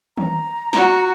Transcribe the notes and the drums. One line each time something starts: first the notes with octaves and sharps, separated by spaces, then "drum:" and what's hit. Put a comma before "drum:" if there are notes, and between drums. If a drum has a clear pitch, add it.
A#5, drum: tom D#3
F#4, drum: snare